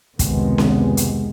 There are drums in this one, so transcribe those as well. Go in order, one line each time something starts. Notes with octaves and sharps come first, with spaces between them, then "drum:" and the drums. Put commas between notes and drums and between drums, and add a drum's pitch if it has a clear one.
F1 C#2 C3 D#3 G#3 B3, drum: kick, hi-hat
drum: snare C#4
drum: hi-hat